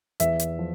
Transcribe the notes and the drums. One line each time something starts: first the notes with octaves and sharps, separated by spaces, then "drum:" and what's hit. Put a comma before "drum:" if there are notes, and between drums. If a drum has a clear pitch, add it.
E2 E5, drum: hi-hat
drum: hi-hat
F3